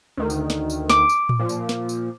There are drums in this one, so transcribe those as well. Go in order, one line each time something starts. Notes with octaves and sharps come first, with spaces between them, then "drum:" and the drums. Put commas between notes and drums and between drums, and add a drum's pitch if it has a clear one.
D2 D#3
drum: tambourine
drum: snare
drum: tambourine
D6, drum: snare
drum: tambourine
drum: tom A2
A#2 F3
drum: tambourine
drum: snare
drum: tambourine